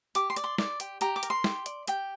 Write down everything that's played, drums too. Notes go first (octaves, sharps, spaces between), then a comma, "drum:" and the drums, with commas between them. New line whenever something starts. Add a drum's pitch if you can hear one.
G4 D6, drum: hi-hat
C6
D5, drum: hi-hat
C6
D5, drum: snare
G4, drum: hi-hat
G4 A#5, drum: hi-hat
D6
A#4, drum: hi-hat
C6
G4, drum: snare
D5, drum: hi-hat
G4 G5, drum: hi-hat